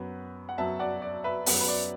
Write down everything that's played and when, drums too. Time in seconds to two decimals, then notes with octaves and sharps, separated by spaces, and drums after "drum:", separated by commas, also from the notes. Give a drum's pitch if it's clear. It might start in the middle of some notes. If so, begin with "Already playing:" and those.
Already playing: F#2 F#3 B3
0.49 F#5
0.58 F#2 F#3 B3 E5 A5
0.79 D5 F#5
1.02 D5
1.24 B4 E5
1.46 F#2 F#3 B3 B4, drum: open hi-hat
1.60 B4
1.68 D5